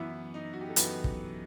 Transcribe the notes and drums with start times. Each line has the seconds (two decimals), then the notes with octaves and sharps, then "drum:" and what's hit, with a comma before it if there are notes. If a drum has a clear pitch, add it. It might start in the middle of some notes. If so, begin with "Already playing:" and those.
Already playing: F#2 E3 B3 E4 E5
0.34 D#4 D#5
0.53 F#4
0.61 G4
0.69 A4
0.76 F#2 E3 B3 B4, drum: hi-hat
1.04 drum: kick